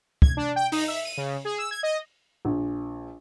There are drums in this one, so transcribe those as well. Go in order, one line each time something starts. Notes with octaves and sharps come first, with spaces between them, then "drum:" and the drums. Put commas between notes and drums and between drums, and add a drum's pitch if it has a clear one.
G#6, drum: kick
D4
G5
D#4, drum: open hi-hat
E5
D#7
C#3
G#4
E6
G#6
D#5
A#1